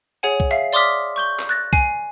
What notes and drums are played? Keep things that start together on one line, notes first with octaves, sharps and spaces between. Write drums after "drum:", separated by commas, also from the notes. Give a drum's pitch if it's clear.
G#4 C#5 F#5 G#5
drum: kick B1
E5 F5 C7
D5 C6 D6 D#6 F6 B6
C#6 G6 G7
drum: clap
F#6 A6 A#6
G#5 C7, drum: kick B1